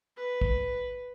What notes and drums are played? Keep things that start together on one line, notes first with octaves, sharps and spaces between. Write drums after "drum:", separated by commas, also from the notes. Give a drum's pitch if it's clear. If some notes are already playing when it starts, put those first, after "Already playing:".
B4
drum: kick